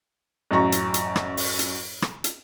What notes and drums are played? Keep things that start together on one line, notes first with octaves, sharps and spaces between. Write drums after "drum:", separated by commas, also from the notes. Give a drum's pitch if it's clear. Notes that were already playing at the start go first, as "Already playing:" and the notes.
A1 F#2 A#5 C#6
drum: hi-hat
drum: hi-hat
drum: rim click
drum: open hi-hat
drum: hi-hat
drum: rim click
drum: hi-hat